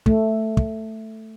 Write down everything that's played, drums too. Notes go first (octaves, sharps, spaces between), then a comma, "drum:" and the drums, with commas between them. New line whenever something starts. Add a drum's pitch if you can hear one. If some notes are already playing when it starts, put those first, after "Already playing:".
A3, drum: kick
drum: kick